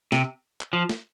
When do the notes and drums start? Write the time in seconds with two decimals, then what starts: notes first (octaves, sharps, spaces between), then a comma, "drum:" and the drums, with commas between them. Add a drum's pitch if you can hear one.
0.12 C3, drum: snare
0.61 drum: clap
0.73 F3
0.89 drum: snare